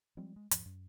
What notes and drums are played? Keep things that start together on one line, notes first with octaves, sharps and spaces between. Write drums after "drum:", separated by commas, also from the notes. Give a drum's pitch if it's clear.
F3 G3 G#3 C4
G#3
E2 G#2 F3, drum: hi-hat
F#2